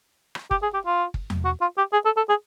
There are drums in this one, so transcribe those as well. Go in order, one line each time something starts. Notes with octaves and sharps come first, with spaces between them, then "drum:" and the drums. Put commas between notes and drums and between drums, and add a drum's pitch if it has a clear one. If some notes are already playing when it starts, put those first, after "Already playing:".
drum: rim click
G4, drum: kick
G#4
G4
F4
drum: kick
drum: tom E2
F#4
F4
G4
G#4
A4
A4
G#4